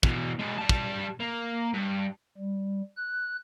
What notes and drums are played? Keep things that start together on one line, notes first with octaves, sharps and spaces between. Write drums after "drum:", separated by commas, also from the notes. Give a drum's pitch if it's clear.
B2 E3, drum: kick
G#3 D4
G3 A5
drum: kick
A#3
G2
G3
F#6